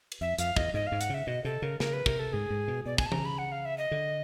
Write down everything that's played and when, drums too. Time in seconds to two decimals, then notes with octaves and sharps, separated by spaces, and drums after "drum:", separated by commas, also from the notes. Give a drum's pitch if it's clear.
0.12 drum: cymbal
0.21 F2 E5
0.38 F2 F5, drum: hi-hat
0.56 E2 D#5, drum: kick
0.74 G#2 D#5
0.87 G#2 F5
1.01 F#5, drum: hi-hat
1.10 C#3 E5
1.27 B2 D#5
1.44 C3 A4
1.62 C#3 A#4
1.80 C#3 A#4, drum: snare
1.93 B4
2.06 C3 A#4, drum: kick
2.19 A4
2.33 G#2 G#4
2.50 G#2
2.68 B2
2.86 B2 D5
2.98 G#5, drum: kick
3.06 A5
3.12 C#3 A#5, drum: tom E3
3.25 B5
3.38 F#5
3.52 F5
3.65 E5
3.78 D#5
3.91 D3